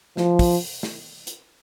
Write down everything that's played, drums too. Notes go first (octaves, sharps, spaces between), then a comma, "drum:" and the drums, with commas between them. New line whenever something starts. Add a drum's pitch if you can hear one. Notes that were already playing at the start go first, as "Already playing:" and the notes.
F3, drum: snare
drum: kick, open hi-hat
drum: snare
drum: hi-hat